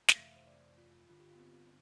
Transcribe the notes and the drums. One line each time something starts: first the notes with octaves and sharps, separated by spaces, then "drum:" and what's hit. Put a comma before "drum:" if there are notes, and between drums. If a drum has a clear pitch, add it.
F5, drum: snare
F2 C3 E3 A3 E5
C5
D5
F4
G2 D3 G3 F4
G4
F4
B3
C4